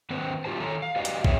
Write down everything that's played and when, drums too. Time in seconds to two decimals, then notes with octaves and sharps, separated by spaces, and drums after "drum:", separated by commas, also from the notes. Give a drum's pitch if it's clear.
0.10 D#3 C4 B4 C5
0.45 F#3 F4 G4 C5 A5
0.60 D#3 A4 C#5 A#5
0.82 F5
0.96 F#4 G4 B4 D5 D#5 F5
1.05 drum: hi-hat
1.25 C4 G#4 C#5 E5, drum: kick